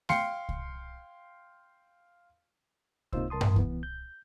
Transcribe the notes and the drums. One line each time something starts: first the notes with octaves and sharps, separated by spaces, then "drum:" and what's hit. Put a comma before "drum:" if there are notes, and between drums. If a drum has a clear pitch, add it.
F5 G5 C6 C7 C#7, drum: snare A3
drum: kick C2
C3 A#3 D#4 F4 C5 E6, drum: kick C2
C2 A#4 A5 C6 D#6
drum: tom G2
E3 B3, drum: kick C2
G6